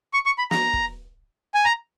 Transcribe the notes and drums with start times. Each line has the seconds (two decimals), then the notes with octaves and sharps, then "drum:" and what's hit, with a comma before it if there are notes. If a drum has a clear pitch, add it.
0.13 C#6
0.26 C#6
0.38 B5
0.51 A#5, drum: snare
0.73 drum: kick
1.54 G#5
1.65 A#5